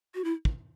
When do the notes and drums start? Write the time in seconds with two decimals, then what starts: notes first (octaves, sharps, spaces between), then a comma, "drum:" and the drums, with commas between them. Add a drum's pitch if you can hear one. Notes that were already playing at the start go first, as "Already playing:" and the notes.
0.15 F#4
0.24 E4
0.45 drum: kick